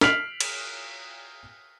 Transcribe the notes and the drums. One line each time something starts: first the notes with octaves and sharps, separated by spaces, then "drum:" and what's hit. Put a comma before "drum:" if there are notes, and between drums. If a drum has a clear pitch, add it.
F6 B6 C7 D7 F7 F#7, drum: snare
drum: cymbal